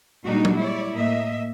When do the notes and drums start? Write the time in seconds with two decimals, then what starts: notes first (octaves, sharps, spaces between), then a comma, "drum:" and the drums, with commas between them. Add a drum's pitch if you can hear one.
0.24 A#2 G3 G#3 D4 D#4 F#4
0.45 drum: tom F#3
0.59 E4 C#5 D5
0.93 A2 A#3 D#5 E5